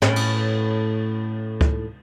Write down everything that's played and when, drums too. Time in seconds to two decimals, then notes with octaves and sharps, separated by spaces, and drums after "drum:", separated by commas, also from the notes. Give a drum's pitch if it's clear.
0.02 A2 C#4, drum: snare
0.16 drum: cymbal
1.61 drum: kick C#2